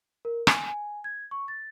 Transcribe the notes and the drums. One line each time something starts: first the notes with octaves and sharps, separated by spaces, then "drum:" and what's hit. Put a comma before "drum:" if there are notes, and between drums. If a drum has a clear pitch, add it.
A#4
G#5, drum: rim click
G#5
G#6
C#6
A6